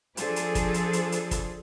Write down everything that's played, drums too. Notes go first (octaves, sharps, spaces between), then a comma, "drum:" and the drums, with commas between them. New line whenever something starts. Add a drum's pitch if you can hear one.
F3 D4 G#4 A4 C5, drum: hi-hat
drum: hi-hat
drum: kick, hi-hat
drum: hi-hat
drum: hi-hat
drum: hi-hat
drum: kick, hi-hat